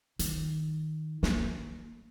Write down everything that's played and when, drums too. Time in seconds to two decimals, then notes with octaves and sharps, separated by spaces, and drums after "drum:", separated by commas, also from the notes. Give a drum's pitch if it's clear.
0.19 D#3, drum: hi-hat
1.23 A#3, drum: snare